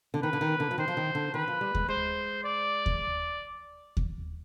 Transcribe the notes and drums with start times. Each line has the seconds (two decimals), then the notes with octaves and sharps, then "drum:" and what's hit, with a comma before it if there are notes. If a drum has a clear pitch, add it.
0.14 D3
0.22 D#3 B4
0.33 D3
0.41 D#3
0.60 D3
0.71 F3
0.78 D#3 C5
0.88 F3
0.97 D#3
1.15 D3
1.34 D#3 B4
1.48 F3
1.61 G3
1.75 G#3, drum: kick D#2
1.88 G#3 C5
2.44 D5
2.86 drum: kick D#2
3.97 drum: kick D#2